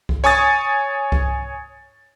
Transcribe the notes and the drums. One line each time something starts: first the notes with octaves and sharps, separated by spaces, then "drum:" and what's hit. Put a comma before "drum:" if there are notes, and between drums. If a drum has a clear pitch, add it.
drum: kick C2
C#5 G#5 C#6 D#6 A6
drum: kick C2